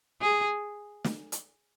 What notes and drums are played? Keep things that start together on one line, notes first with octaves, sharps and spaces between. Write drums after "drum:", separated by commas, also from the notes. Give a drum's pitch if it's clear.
G#4
drum: snare
drum: hi-hat